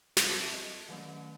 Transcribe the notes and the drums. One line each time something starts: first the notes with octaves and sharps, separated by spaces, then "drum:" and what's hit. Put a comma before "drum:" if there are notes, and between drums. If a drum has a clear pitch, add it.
F#3 C4 C5 C6, drum: snare
A4 A5
E5
D#5
D#3 F#3 A3 C#4